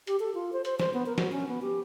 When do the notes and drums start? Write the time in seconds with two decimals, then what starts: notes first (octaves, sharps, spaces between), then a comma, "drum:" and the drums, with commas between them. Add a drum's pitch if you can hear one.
0.07 G4, drum: hi-hat
0.20 A4
0.35 F4
0.53 C5
0.65 C5, drum: hi-hat
0.80 C5, drum: snare
0.94 B3
1.06 A#4
1.18 F#3, drum: snare
1.32 C#4
1.48 B3
1.62 G4